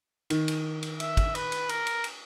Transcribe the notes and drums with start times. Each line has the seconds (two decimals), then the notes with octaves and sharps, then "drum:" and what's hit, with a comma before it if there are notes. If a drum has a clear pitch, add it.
0.30 D#3, drum: cymbal
0.48 drum: cymbal
0.83 drum: cymbal
1.00 E5, drum: cymbal
1.17 drum: kick, cymbal
1.35 B4, drum: cymbal
1.52 drum: cymbal
1.69 A#4, drum: cymbal
1.87 drum: cymbal
2.04 drum: cymbal